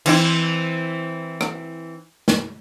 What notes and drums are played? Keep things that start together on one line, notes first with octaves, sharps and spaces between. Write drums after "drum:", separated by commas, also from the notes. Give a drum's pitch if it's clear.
E3 C4 E4, drum: cymbal
drum: rim click
drum: snare